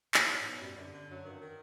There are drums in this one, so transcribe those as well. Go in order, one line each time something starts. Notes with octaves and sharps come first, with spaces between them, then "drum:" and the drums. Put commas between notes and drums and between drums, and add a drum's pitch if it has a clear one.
G#2 F#3, drum: clap
G#2 F#3
A2
G#2 B2
F#2 G3
F#2 D3
D3
F#2 F#3
G2 D#3
D#3